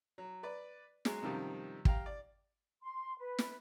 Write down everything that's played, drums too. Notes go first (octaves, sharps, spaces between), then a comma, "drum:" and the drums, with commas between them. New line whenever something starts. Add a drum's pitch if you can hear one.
F#3
B4 D5
F#3 G#3 F#4 G#4, drum: snare
F#2 C3 D#3 F3 G3
G4 F5 G5 A#5, drum: kick
D5
C6
B4
drum: snare